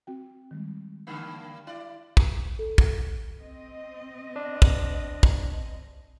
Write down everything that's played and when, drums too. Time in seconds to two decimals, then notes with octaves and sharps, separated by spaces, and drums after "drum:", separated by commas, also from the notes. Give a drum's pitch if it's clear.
0.07 C4 F#4 G5
0.51 D#3 G3 G#3
1.07 G2 D3 A#3
1.67 E4 D5
2.17 drum: kick
2.59 A4
2.78 drum: kick
3.39 C4 D#5
4.36 D4
4.62 drum: kick
5.23 drum: kick